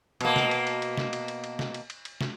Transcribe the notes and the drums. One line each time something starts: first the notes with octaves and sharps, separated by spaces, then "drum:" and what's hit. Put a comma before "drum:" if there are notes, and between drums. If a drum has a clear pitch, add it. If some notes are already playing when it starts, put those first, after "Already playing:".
B2 A#3, drum: cymbal
drum: snare
drum: cymbal
drum: cymbal
drum: cymbal
drum: snare
drum: cymbal
drum: cymbal
drum: cymbal
drum: snare
drum: cymbal
drum: cymbal
drum: cymbal
drum: snare